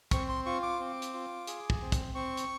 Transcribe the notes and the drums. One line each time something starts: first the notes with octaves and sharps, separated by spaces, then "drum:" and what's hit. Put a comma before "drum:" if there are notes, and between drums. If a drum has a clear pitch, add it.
C4 C#6, drum: kick, hi-hat
C6
F4 C#6
D6
C4
drum: hi-hat
F4
G#4, drum: hi-hat
drum: kick
C4
drum: kick, hi-hat
C4 C#6
drum: hi-hat